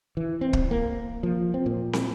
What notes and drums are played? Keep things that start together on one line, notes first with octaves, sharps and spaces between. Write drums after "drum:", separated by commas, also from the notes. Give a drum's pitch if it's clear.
E3
C4
drum: kick
A#3
F3
C4
A#2
drum: snare